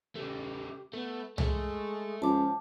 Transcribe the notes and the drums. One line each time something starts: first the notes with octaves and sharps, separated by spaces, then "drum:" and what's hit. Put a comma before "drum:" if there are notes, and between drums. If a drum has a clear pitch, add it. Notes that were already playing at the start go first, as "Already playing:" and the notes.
C#3 A3 G4
A3 B3
G#3 A3, drum: tom C2
C#2 F3 A5 D6